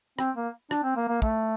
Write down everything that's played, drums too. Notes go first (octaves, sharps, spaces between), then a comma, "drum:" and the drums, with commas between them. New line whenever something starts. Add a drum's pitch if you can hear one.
C4, drum: rim click
A#3
D4, drum: rim click
C4
A#3
A#3
A3, drum: kick